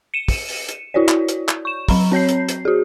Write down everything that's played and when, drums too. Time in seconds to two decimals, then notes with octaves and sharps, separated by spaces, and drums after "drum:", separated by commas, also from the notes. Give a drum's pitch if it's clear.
0.14 C#7 D#7 E7
0.28 drum: kick, open hi-hat
0.48 drum: open hi-hat
0.68 drum: hi-hat
0.94 E4 F#4 C#5 D5
1.08 drum: clap
1.28 drum: hi-hat
1.49 drum: clap
1.65 C#6 E7
1.89 F#3 A#5 B5, drum: kick, open hi-hat
2.12 C4 C#5 G6 C7
2.29 drum: hi-hat
2.49 drum: hi-hat
2.65 F#4 G#4